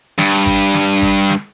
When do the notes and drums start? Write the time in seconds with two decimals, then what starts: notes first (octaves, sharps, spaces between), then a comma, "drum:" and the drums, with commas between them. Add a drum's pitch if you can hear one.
0.18 G2, drum: snare
0.46 drum: kick G#1
0.74 drum: snare
1.02 drum: kick G#1
1.30 drum: snare